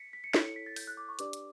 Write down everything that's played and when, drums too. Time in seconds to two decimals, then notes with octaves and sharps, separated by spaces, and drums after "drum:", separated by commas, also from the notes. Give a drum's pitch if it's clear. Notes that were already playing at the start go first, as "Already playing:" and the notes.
Already playing: B6 C#7
0.13 B6
0.24 C#7
0.34 E4 A4 C#5 D7, drum: snare
0.45 C#7
0.56 B6
0.66 A6
0.76 G6, drum: open hi-hat
0.87 F#6
0.97 D6
1.09 C#6
1.19 D4 G4 B4 D5 D6, drum: hi-hat
1.33 drum: hi-hat